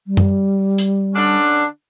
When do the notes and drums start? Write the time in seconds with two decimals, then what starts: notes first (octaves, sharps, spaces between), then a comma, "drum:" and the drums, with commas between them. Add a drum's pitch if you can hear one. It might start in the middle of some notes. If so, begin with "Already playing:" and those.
0.07 G3
0.17 drum: tom F#2
0.78 drum: hi-hat
1.15 D3 C#4 D4